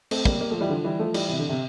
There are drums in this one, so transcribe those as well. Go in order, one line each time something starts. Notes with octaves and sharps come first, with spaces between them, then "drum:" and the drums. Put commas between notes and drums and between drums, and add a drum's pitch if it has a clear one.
A3 C4, drum: cymbal
G3 A#3, drum: kick
G3 A#3
F3 A3
E3 G3
D3 F3
E3 G3
F3 A3
E3 G3, drum: cymbal
C3 E3
D3
C3